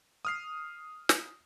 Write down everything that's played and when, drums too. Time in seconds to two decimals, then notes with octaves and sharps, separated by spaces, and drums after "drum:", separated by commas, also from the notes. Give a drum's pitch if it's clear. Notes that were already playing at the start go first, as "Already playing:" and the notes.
0.25 D#6 F6 C7
1.09 drum: snare